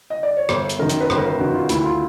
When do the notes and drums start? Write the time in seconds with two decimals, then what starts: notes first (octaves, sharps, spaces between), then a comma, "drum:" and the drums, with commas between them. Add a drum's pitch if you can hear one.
0.10 D#5
0.23 D5
0.37 C#5
0.49 G1 C5, drum: rim click
0.69 drum: hi-hat
0.79 F#2 D#3 A#4
0.89 drum: hi-hat
1.00 B4
1.10 G1 C5, drum: rim click
1.17 A#4
1.24 B4
1.39 F#2 D#3 F#4
1.54 F4
1.69 D2 E4, drum: hi-hat
1.84 F4